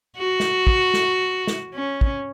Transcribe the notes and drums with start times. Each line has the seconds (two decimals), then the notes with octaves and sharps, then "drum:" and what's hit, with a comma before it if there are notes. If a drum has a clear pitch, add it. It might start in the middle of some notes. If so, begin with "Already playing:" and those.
0.18 F#4
0.40 drum: snare
0.67 drum: kick
0.94 drum: snare
1.47 drum: snare
1.74 C#4
2.01 drum: kick